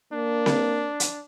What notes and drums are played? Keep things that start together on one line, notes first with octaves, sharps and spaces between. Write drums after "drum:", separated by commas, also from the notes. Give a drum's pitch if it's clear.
A#3 D4
drum: snare C4
drum: hi-hat